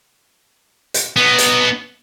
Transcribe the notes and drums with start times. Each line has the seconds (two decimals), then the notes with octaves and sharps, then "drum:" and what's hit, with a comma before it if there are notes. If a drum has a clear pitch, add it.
0.94 drum: hi-hat
1.16 B3 D#4
1.38 drum: hi-hat